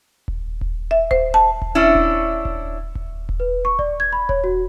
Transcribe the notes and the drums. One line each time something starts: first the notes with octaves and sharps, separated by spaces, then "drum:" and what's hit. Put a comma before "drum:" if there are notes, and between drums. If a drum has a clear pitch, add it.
drum: kick D#1
drum: kick D#1
E5
C5, drum: kick D#1
A5
drum: kick D#1
C#4 D4 E4
drum: kick D#1
drum: kick D#1
drum: kick D#1
drum: kick D#1
B4
C#6
D5, drum: kick D#1
G#6
B5
C#5, drum: kick D#1
F#4